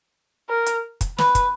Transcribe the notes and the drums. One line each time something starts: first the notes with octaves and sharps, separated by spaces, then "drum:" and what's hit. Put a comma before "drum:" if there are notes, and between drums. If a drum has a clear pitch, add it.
A#4
drum: hi-hat
drum: kick, hi-hat
B4, drum: snare
drum: kick, hi-hat